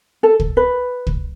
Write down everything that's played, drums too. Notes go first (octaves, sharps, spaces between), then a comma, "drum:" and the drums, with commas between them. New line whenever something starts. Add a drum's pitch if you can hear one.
A4
drum: kick
B4
drum: kick